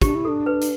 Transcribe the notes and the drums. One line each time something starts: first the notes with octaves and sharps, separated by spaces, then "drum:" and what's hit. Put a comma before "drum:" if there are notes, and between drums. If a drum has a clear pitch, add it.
D4 G4, drum: kick, hi-hat
E4
D4 A4
B4
drum: hi-hat